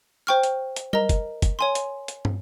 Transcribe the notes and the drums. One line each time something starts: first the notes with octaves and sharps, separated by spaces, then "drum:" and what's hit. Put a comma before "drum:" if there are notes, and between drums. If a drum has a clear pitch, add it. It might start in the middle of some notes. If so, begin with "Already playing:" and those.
C5 G5 C#6 F6
drum: hi-hat
drum: hi-hat
A#4 D#5 A#5, drum: tom G3
drum: kick, hi-hat
drum: kick, hi-hat
C#5 G#5 C6
drum: hi-hat
drum: hi-hat
drum: tom